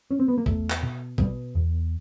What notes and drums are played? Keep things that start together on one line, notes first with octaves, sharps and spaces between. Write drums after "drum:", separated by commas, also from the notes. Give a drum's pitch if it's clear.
C#4
C4
B3
A#3
E2 A3, drum: kick
drum: clap
B2
B2 G3, drum: kick
E2